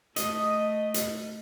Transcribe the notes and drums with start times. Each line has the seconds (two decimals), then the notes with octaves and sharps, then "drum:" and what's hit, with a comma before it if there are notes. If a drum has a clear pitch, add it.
0.16 A3 D#5, drum: hi-hat
0.94 drum: hi-hat